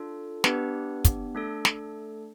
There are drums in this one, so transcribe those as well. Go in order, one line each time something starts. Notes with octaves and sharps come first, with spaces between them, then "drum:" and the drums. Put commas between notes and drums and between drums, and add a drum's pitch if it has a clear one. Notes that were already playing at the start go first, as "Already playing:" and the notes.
Already playing: D4 F4 A4
B3 D4 G4 B4, drum: snare
drum: kick, hi-hat
A3 D4 A4
drum: snare